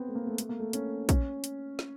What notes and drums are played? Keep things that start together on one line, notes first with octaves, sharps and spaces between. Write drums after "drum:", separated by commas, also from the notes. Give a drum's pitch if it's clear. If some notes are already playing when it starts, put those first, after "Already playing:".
Already playing: B3 C4
A3
A#3
A3
A3, drum: hi-hat
A#3
A3
C#4, drum: hi-hat
C#4, drum: kick, hi-hat
drum: hi-hat
drum: snare